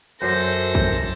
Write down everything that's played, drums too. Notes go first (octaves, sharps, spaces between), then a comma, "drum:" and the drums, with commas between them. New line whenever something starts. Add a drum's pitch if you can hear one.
F#2 A4 C5 A#6
drum: hi-hat
drum: kick